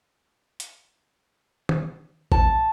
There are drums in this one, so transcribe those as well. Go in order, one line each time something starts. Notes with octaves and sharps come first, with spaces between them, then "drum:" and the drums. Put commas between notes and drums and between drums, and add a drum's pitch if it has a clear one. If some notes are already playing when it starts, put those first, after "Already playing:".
drum: hi-hat
drum: tom D#3
A5, drum: kick A1